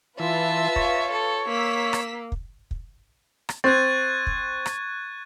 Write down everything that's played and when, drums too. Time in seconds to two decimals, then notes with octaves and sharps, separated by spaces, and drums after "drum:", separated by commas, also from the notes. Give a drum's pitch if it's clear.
0.20 E3 F4 B4 E5 A5
0.76 C#5, drum: kick
1.12 A4
1.49 A#3 E6 B6
1.93 drum: rim click
2.32 drum: kick
2.71 drum: kick
3.49 drum: rim click
3.64 C4 C#6 F#6 G#6 A6
4.27 drum: kick
4.66 drum: rim click